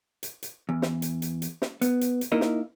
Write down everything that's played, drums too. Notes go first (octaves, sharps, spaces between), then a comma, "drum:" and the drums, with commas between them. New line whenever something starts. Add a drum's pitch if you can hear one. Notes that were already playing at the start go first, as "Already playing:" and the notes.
drum: hi-hat
drum: hi-hat
E2
drum: snare
drum: hi-hat
drum: hi-hat
drum: hi-hat
drum: snare
B3, drum: hi-hat
drum: hi-hat
drum: hi-hat
A#3 D#4 E4 A#4 D#5
drum: snare